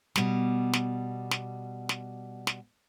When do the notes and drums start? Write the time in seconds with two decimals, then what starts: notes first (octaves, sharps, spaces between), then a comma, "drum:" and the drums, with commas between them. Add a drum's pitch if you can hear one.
0.16 B2 G3, drum: snare
0.73 drum: snare
1.31 drum: snare
1.89 drum: snare
2.47 drum: snare